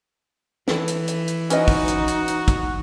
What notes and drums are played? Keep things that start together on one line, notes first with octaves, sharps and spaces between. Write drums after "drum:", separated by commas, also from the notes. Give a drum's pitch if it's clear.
E3 A4 B4, drum: snare
drum: hi-hat
drum: hi-hat
drum: hi-hat
C#4 D#4 F#4 B4 D#5, drum: hi-hat
drum: kick, open hi-hat
drum: hi-hat
drum: hi-hat
drum: hi-hat
drum: kick, hi-hat